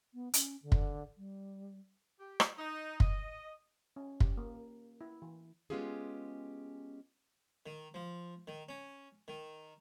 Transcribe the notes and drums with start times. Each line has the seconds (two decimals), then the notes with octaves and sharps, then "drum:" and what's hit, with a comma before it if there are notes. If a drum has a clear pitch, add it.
0.14 B3
0.34 C#4, drum: hi-hat
0.63 D3
0.72 drum: kick
1.17 G3
2.19 G4
2.40 drum: rim click
2.58 D#4
3.00 D#5, drum: kick
3.96 C#4
4.20 G4, drum: kick
4.37 A#3
5.01 E4
5.22 E3
5.70 G#3 B3 C#4 F4 G4 G#4
7.66 D#3
7.94 F3
8.47 D#3
8.69 C#4
9.28 D#3